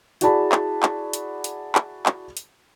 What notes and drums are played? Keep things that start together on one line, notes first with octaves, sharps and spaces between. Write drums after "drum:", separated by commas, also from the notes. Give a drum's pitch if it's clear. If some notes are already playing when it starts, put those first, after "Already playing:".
E4 F#4 G#4 D5 A5 B5, drum: hi-hat
drum: clap
drum: clap
drum: hi-hat
drum: hi-hat
drum: clap
drum: clap
drum: hi-hat